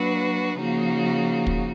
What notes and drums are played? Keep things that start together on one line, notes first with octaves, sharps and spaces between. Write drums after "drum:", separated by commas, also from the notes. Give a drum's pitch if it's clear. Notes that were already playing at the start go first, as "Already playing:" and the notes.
Already playing: F#3 A#3 D4 F#4 B4
C#3 F3 A#3 D#4 F#4
drum: kick